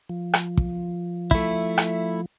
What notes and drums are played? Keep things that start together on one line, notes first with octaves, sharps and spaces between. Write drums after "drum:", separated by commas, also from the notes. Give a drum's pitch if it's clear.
F3
drum: rim click
drum: kick
A3 E4, drum: kick
drum: rim click